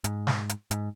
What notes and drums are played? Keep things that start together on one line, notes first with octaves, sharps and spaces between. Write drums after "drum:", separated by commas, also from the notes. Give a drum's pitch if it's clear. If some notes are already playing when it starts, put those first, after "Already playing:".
G#2, drum: hi-hat
drum: snare
drum: hi-hat
G#2, drum: hi-hat